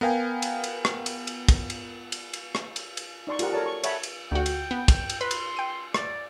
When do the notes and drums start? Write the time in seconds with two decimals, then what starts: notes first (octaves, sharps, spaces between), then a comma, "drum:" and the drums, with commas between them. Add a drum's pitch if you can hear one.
0.01 B3 A#4 F5 G5 G#5
0.42 drum: cymbal
0.64 drum: cymbal
0.85 drum: rim click
1.06 drum: cymbal
1.27 drum: cymbal
1.49 drum: kick, cymbal
1.70 drum: cymbal
2.12 drum: cymbal
2.33 drum: cymbal
2.55 drum: rim click
2.76 drum: cymbal
2.97 drum: cymbal
3.27 D#4 D5 C6 C#6
3.39 F4 G4 G#4 A#4 F#5, drum: cymbal
3.53 F#4 A4 A#4 C#5 D5 A5
3.66 C#6
3.84 C#5 E5 F#5 A5 B5, drum: cymbal
4.03 drum: cymbal
4.31 D2 F#4 G5
4.46 drum: cymbal
4.71 B3
4.88 drum: kick, cymbal
5.10 drum: cymbal
5.21 B4 C6
5.31 drum: cymbal
5.57 G5 D#7
5.94 D5, drum: rim click